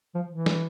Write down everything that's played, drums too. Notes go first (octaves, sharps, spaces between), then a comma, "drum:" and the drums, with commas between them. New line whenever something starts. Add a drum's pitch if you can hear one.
F3
E3
drum: snare